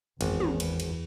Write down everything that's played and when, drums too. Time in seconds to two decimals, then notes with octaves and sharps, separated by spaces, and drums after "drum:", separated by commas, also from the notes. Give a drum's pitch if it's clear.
0.21 G#1 E2, drum: cymbal
0.40 drum: tom
0.60 drum: cymbal
0.80 drum: cymbal